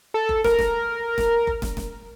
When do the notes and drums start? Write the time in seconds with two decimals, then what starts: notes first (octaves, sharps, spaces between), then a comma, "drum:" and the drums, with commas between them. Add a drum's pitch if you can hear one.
0.14 A4
0.29 drum: kick F#1
0.44 A#4, drum: snare
0.59 drum: snare
1.18 drum: snare
1.47 drum: kick F#1
1.62 drum: snare
1.77 drum: snare